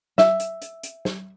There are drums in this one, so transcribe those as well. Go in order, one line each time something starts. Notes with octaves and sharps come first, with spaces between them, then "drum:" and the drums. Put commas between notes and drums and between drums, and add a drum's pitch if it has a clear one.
E5, drum: snare
drum: hi-hat
drum: hi-hat
drum: hi-hat
drum: snare